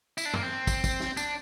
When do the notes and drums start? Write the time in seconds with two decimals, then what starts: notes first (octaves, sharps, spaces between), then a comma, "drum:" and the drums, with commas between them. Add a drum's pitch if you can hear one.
0.18 E4, drum: tambourine
0.25 D4
0.34 A#3, drum: tom F#2
0.43 C4
0.67 drum: kick, tambourine
0.84 drum: kick, tambourine
1.00 drum: snare
1.17 D4, drum: tambourine